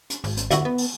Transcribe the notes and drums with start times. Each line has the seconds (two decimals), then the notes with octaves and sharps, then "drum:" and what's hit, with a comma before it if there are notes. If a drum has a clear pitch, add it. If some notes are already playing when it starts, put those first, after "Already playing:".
0.10 drum: hi-hat
0.24 G#1, drum: open hi-hat
0.37 drum: hi-hat
0.51 D2 E4 F#4, drum: hi-hat
0.65 B3
0.78 drum: open hi-hat